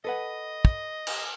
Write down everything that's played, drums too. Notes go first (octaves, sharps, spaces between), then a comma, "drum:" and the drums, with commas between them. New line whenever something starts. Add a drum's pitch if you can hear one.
A4 B4 D#5 F#5
drum: kick
drum: cymbal